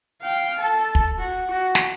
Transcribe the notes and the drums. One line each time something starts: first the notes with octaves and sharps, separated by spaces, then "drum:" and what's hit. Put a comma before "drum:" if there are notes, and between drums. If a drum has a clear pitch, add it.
F5 G5
A4 A5
drum: kick
F#4
F#4
drum: snare